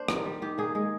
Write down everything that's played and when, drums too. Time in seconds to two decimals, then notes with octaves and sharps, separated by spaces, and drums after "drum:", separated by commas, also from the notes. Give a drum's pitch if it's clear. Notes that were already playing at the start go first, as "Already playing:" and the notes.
Already playing: A#3 D4 C5
0.08 D#3 A#4, drum: rim click
0.25 G3
0.42 D#3 G4
0.58 A#3 G#4
0.75 G#3 G#4